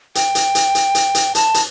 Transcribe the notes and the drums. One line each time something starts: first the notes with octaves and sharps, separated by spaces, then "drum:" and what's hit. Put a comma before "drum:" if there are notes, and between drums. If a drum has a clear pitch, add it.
G5, drum: hi-hat
drum: hi-hat
drum: hi-hat
drum: hi-hat
drum: hi-hat
drum: hi-hat
A5, drum: hi-hat
drum: hi-hat